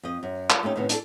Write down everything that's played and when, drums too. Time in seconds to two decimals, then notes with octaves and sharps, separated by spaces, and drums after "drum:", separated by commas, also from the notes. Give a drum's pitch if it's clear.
0.03 F2 D#5
0.23 F#2
0.50 G3 F4, drum: clap
0.63 A3 A#3 C#4 D#4 G4
0.76 A2 C3 D#3 B3 C#4
0.89 D4 F#4 A4, drum: hi-hat